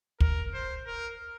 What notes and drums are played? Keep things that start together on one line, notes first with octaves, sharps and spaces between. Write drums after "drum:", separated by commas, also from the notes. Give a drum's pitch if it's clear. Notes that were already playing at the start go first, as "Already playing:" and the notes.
A#4, drum: kick
C5
A#4